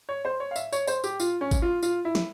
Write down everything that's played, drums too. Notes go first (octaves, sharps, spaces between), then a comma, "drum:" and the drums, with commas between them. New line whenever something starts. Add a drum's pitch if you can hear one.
C#5
C5
C#5
F5
E5, drum: tambourine
C#5, drum: tambourine
C5, drum: tambourine
G4, drum: tambourine
F4, drum: tambourine
C#4
drum: kick G#1, tambourine
F4
F4, drum: tambourine
E4
drum: snare